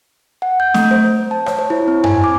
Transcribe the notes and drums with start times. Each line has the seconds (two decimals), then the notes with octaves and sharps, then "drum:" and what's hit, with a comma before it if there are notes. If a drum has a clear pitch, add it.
0.42 F#5
0.60 G6
0.74 A3, drum: snare
0.91 C5
1.31 A5
1.46 C#5, drum: rim click
1.59 C5
1.70 E4
1.88 C4
2.04 G#5, drum: tom F#2
2.24 D6